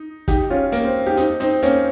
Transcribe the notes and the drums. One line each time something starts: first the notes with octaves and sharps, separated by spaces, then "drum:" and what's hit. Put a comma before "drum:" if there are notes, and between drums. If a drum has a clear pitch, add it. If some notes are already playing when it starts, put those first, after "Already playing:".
Already playing: D#4
D#4 G4, drum: kick, hi-hat
C#4 F4
A#3, drum: hi-hat
C4
D#4 G4
C4 D#4, drum: hi-hat
C4 D#4
A#3 C#4, drum: hi-hat